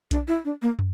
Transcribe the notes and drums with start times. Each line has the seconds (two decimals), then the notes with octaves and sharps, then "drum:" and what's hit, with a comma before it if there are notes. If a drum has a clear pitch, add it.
0.11 D4, drum: kick B1, hi-hat
0.28 E4
0.45 D4
0.62 A#3
0.79 drum: tom